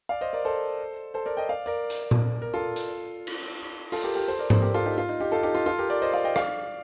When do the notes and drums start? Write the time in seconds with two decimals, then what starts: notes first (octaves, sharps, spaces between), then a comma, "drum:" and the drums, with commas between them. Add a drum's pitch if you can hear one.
0.09 D5 F5
0.21 C5 D#5
0.33 A#4 D5
0.45 A4 C5
1.14 A4 C5
1.26 A#4 D5
1.37 D#5 G5
1.49 D5 F5
1.66 A#4 D5
1.90 drum: hi-hat
2.11 drum: tom A#2
2.42 A#4
2.54 F4 A4
2.76 drum: hi-hat
3.27 drum: cymbal
3.92 F4 A4, drum: open hi-hat
4.04 G4 A#4
4.15 G4 A#4
4.28 A4 C5
4.39 A#4 D5
4.50 A4 C5, drum: tom G#2
4.62 G4 A#4
4.74 F4 A4
4.86 D#4 G4
4.98 F4
5.09 D#4
5.20 D#4 G4
5.32 F4 A4
5.43 D#4 G4
5.55 F4
5.66 F4 A4
5.78 G4 A#4
5.90 A#4 D5
6.02 C5 D#5
6.13 D5 F5
6.24 D#5 G5
6.36 D5 F5, drum: rim click